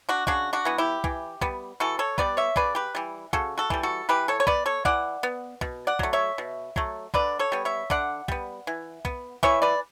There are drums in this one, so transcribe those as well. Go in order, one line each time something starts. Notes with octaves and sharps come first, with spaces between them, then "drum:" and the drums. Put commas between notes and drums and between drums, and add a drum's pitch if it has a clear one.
D4 F#4
C#3 D4 F#4, drum: kick
D4 F#4
E3 B3
E4 G4
E3, drum: kick
G3 B3, drum: kick
E3 F#4 A4
A4 C#5
G3 B3 B4 D5, drum: kick
C#5 E5
C#3 B4 D5, drum: kick
G4 B4
E3 G3
C#3 F#4 A4, drum: kick
F#4 A4
E3 G3, drum: kick
F#4 A4
E3 G4 B4
A4 C#5
C#5
B3 B4 D5, drum: kick
A4 C#5
E3 D5 F#5, drum: kick
B3
B2, drum: kick
D5 F#5
F#3 A3, drum: kick
C#5 E5
B2
F#3 A3, drum: kick
D3 B4 D5, drum: kick
A4 C#5
G3 B3
C#5 E5
D3 D5 F#5, drum: kick
G3 B3, drum: kick
E3
B3, drum: kick
E3 C#5 E5, drum: kick
B4 D5